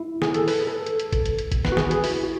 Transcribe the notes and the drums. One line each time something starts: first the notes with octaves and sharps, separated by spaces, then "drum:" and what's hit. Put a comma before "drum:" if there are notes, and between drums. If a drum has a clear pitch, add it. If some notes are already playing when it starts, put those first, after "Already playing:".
Already playing: E4
G#4, drum: snare
A4, drum: hi-hat
B4, drum: open hi-hat
A4
drum: hi-hat
drum: hi-hat
drum: kick, hi-hat
drum: hi-hat
drum: hi-hat
drum: kick, hi-hat
B4, drum: snare
F#4
G#4, drum: snare
G#4, drum: hi-hat
E4, drum: open hi-hat
F#4